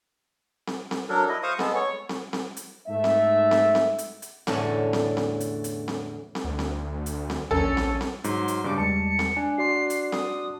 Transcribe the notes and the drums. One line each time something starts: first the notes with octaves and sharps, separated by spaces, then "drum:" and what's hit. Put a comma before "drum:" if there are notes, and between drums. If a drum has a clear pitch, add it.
drum: snare C4
drum: snare C4
F#3 D4 A4 A#4
E4 D#5
C5 F5 C#6 D#6
G#3 B3 A4, drum: snare C4
C#5 C#6
drum: snare C4
drum: snare C4
drum: hi-hat
G#2 A3 E5
drum: snare C4
drum: snare C4
drum: snare C4
drum: hi-hat
drum: hi-hat
E2 A2 D3 C#4, drum: snare C4
drum: snare C4
drum: snare C4
drum: hi-hat
drum: hi-hat
drum: snare C4
drum: snare C4
D2
drum: snare C4
drum: hi-hat
drum: snare C4
A#1 C#4 A4, drum: tom
drum: snare C4
drum: snare C4
G#2 F#3 C6, drum: hi-hat
drum: hi-hat
G2 C#3 G3 D6
E2 G3 G#3 A5 C#7
drum: snare C4
D4 G#5
F#4 D5 C6 C7
drum: hi-hat
D#6, drum: snare C4